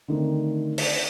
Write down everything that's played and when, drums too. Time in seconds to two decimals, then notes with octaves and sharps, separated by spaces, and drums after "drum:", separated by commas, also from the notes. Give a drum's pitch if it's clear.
0.08 D3 D#3 A3 C4
0.78 drum: open hi-hat